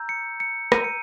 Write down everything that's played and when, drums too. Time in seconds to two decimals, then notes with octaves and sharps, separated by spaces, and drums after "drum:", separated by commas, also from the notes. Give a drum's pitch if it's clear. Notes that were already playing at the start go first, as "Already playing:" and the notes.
Already playing: A#5 E6 G6
0.09 C#7
0.40 C#7
0.72 A#5 E6 G6 D#7, drum: rim click
0.84 C#7